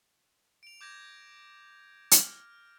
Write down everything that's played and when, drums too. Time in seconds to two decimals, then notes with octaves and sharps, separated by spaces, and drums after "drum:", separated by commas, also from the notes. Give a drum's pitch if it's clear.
0.63 D7 F7
0.81 D6 G6 G#6 A#6
2.11 F6, drum: hi-hat